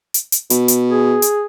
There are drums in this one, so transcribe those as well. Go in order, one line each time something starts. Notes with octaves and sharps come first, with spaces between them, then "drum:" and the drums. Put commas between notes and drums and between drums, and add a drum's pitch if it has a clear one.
drum: hi-hat
drum: hi-hat
B2, drum: hi-hat
drum: hi-hat
G#4
drum: hi-hat